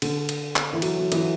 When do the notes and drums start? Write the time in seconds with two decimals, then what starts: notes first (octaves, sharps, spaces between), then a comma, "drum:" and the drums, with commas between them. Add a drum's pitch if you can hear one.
0.02 D3, drum: cymbal
0.29 drum: cymbal
0.56 drum: clap
0.73 E3
0.82 F#3, drum: cymbal
0.99 F#3
1.12 E3, drum: cymbal